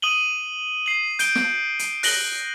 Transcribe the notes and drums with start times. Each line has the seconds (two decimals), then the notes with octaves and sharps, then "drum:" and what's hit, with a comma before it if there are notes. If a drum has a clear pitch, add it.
0.02 D#6 D#7 F#7 G7
0.86 C7 F#7
1.19 G6 D7 G7, drum: hi-hat
1.35 drum: snare
1.79 drum: hi-hat
2.03 F#6 A#6 F#7 G7, drum: open hi-hat